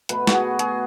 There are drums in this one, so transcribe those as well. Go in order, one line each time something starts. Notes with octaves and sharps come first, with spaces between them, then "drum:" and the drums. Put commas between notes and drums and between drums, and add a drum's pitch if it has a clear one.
B2 A3 B4, drum: hi-hat
F#4, drum: snare
G#4
G#4, drum: hi-hat